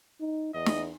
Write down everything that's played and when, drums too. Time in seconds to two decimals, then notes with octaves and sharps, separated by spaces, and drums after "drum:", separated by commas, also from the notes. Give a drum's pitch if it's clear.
0.20 D#4
0.54 E2 D#5
0.66 drum: snare